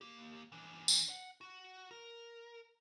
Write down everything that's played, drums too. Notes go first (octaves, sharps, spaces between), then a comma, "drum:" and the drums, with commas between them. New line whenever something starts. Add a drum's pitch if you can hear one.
A#3 G4
E3 D4
drum: tambourine
F#5
F#4
A#4